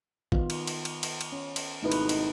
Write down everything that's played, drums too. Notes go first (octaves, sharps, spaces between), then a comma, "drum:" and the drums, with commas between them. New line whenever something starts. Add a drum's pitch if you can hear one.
D#3 B3 F4, drum: kick A1
drum: cymbal
drum: cymbal
drum: cymbal
drum: cymbal
drum: cymbal
C#4
drum: cymbal
G#1 B2 A3 D#4 E4 B4
drum: cymbal
drum: cymbal